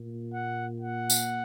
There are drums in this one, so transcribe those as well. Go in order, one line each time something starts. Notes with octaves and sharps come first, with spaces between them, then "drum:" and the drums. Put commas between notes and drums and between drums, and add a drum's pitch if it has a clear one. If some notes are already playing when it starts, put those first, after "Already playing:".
Already playing: A#2 A#3
F#5
F#5
drum: tambourine